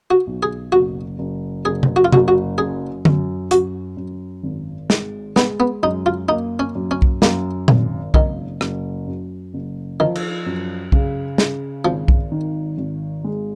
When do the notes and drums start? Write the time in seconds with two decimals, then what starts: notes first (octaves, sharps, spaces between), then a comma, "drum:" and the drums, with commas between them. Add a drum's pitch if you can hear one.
0.11 F#4
0.27 B1
0.43 G#4
0.72 F#1 F#4
1.19 F#1
1.65 F#1 G#4
1.83 drum: tom C3
1.96 F#4
2.04 F4
2.12 F#1 F#4, drum: tom C3
2.28 F#4
2.58 F#2 G#4
3.05 F#2, drum: tom D3
3.51 F#2 F#4, drum: hi-hat
3.97 F#2
4.43 G#1
4.90 G#3, drum: snare
5.36 G#3 B3, drum: snare
5.60 B3
5.83 F#2 D#4
6.06 F4
6.29 A#3 D#4
6.59 C#4
6.75 F#2
6.91 C#4
7.02 drum: kick B1
7.22 F#2 A#3, drum: snare
7.68 G#1, drum: tom A#2
8.14 F#1 D#3, drum: kick B1
8.61 F#1, drum: rim click
9.07 F#2
9.54 F#1
10.00 D#3 F3
10.15 drum: cymbal
10.46 F#2
10.92 C#3, drum: kick B1
11.38 C#3, drum: snare
11.85 G#1 F3
12.08 drum: kick B1
12.32 D#3
12.78 G#1
13.24 G#3